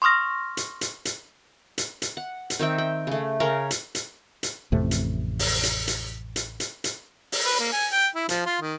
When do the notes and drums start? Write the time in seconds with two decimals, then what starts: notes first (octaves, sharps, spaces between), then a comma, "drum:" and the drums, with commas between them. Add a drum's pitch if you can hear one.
0.02 C6 C#6 D#6 F6 A#6
0.57 drum: hi-hat
0.81 drum: hi-hat
1.05 drum: hi-hat
1.78 drum: hi-hat
2.02 drum: hi-hat
2.17 F#5
2.50 drum: hi-hat
2.59 D#3 C4 E5 G5
2.78 G5
3.07 C#3 A3
3.40 C#3 C#4 A#4
3.71 drum: hi-hat
3.95 drum: hi-hat
4.43 drum: hi-hat
4.72 A1 F2 C3 A3
4.91 drum: hi-hat
5.39 drum: open hi-hat
5.63 drum: hi-hat
5.88 drum: hi-hat
6.36 drum: hi-hat
6.60 drum: hi-hat
6.84 drum: hi-hat
7.32 drum: open hi-hat
7.45 B4
7.60 A#3
7.73 G#5
7.92 G5
8.15 E4
8.29 F3, drum: hi-hat
8.46 F4
8.61 D#3